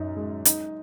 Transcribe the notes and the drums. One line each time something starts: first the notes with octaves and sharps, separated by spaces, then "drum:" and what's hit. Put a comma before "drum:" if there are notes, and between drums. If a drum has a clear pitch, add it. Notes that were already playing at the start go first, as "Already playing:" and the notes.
Already playing: F#2 D#4
G#3
D#4, drum: hi-hat